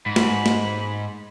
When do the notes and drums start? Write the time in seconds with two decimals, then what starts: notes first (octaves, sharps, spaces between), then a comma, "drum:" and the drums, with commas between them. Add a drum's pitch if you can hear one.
0.06 G#2 B5
0.16 drum: snare
0.46 drum: snare